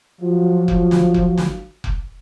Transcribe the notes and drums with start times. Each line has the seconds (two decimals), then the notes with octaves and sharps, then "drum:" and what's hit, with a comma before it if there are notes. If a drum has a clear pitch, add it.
0.22 F3 F#3 F4 F#4
0.68 drum: kick F1
0.91 drum: snare
1.14 drum: kick F1
1.38 drum: snare
1.84 drum: kick F1